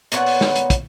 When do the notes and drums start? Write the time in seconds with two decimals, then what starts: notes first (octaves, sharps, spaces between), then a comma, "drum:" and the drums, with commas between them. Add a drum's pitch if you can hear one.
0.12 A#2 B3 C#5 F#5, drum: hi-hat
0.26 drum: open hi-hat
0.41 drum: snare
0.56 drum: hi-hat
0.70 drum: kick, hi-hat